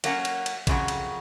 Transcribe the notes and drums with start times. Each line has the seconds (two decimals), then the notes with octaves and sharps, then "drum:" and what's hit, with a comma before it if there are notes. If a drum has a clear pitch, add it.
0.04 F#3 A#3 C#4, drum: cymbal
0.25 drum: cymbal
0.46 drum: cymbal
0.67 F2 C#3 F#3, drum: kick A1, cymbal
0.88 drum: cymbal